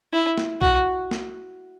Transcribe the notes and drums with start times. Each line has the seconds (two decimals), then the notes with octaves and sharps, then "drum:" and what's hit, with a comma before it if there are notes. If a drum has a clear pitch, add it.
0.13 E4
0.38 drum: snare
0.62 F#4, drum: kick B1
1.11 drum: snare